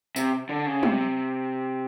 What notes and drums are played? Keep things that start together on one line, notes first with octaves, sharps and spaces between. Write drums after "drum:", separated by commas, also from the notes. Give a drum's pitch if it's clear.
C3, drum: tambourine
D3
C#3
C3, drum: tom